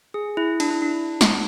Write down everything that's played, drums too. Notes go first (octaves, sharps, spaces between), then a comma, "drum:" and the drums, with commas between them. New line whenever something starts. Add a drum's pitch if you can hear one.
G#4
E4
D4, drum: cymbal
E4
D4
drum: snare